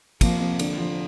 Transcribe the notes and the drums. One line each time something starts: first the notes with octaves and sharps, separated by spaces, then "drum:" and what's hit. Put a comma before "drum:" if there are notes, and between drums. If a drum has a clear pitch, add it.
C3 F3 A#3, drum: kick, cymbal
C3
D3, drum: cymbal
F3